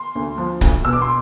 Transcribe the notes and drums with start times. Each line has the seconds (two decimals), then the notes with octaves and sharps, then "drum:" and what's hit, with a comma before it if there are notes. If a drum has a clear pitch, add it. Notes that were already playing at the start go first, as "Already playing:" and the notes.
Already playing: C6
0.15 D2
0.38 F3
0.61 D2, drum: kick C#1, hi-hat
0.85 B2 E6
0.93 D6
1.02 C6